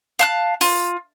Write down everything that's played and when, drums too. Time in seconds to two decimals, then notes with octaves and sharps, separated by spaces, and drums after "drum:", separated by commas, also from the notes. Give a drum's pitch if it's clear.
0.19 F5 A5 F#6
0.61 F4, drum: open hi-hat